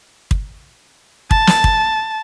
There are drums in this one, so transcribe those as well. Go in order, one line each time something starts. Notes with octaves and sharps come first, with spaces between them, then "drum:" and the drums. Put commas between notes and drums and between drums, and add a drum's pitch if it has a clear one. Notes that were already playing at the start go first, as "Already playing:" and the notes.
drum: kick
A5, drum: kick
drum: snare
drum: kick